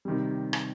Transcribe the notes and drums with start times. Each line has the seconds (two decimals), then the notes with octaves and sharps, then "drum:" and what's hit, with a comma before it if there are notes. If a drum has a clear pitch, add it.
0.05 C3 D#3 G3
0.53 drum: rim click